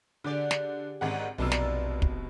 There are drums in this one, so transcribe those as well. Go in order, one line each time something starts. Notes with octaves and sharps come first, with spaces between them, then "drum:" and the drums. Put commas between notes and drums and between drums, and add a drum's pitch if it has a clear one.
D3 G4 G#4 D5
drum: snare
G#1 G#2 A#3 C#4 D4 F#5
F1 B1 B2 A#3 D4 F4 E6
drum: snare
drum: kick